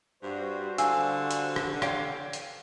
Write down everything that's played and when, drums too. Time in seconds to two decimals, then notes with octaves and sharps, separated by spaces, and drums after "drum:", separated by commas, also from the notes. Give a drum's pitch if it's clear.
0.23 G2 G3 F#4 C5
0.78 D3 F5 G#5 E6, drum: hi-hat
1.31 drum: hi-hat
1.56 drum: rim click
1.82 C#5 D5 F5 G5, drum: rim click
2.33 drum: hi-hat